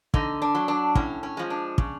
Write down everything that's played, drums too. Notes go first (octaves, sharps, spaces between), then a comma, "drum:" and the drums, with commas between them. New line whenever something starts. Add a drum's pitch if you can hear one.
D3 D#4, drum: kick
D4
F#3
D4
A2 C#4, drum: kick
C#4
F3 G#3
D4
C#3, drum: kick